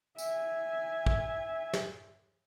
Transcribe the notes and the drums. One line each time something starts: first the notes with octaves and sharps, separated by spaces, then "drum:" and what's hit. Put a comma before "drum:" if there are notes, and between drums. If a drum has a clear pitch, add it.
E5 G#5, drum: tambourine
drum: kick
drum: snare